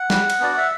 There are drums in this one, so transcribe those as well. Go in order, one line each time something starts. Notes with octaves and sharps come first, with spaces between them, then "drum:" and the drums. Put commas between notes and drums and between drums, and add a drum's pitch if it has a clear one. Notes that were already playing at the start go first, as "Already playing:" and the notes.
Already playing: F#5
G3, drum: snare
drum: cymbal
B3 D4 F#4 D5
E5